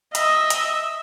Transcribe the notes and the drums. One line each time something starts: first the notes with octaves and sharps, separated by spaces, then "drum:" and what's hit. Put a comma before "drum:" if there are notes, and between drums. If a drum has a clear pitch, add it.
D#5 E5, drum: hi-hat
drum: hi-hat